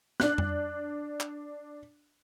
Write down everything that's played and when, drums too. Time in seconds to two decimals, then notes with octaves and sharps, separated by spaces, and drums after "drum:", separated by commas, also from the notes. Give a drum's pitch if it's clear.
0.20 D4 F#6, drum: snare
0.38 drum: tom F2
1.21 drum: clap